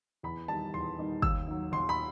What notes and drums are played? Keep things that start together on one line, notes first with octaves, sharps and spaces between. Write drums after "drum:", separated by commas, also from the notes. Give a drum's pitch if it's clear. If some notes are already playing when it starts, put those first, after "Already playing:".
E2 B5
D#3 G3 D#4 A5
E2 C6
D#3 G3 D#4
D#2 E6, drum: kick
D#3 F#3
D#2 C6
B5